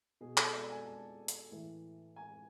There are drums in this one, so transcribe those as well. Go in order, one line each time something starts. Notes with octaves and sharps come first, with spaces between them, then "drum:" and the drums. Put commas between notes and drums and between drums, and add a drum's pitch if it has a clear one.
B2 G#4
A4, drum: clap
D5
G#5
A5
drum: hi-hat
A2 E3
G#5